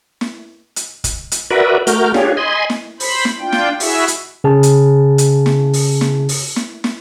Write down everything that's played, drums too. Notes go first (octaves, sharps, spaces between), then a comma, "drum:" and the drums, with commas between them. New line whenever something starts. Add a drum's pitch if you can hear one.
drum: snare
drum: hi-hat
drum: kick, hi-hat
drum: hi-hat
F#4 A#4 B4 D5 E5
A3 F#4 A#4 F6 G6, drum: hi-hat
D4 F4 G4 G#4 C#5, drum: snare
D#5 G#5 B5 C6
drum: snare
C5 B5, drum: open hi-hat
drum: snare
D4 F4 G5
drum: snare
E4 F#4 G#4 E5, drum: open hi-hat
drum: hi-hat
C#3 G#4 A5
drum: hi-hat
drum: hi-hat
drum: snare
drum: open hi-hat
drum: snare
drum: open hi-hat
drum: snare
drum: snare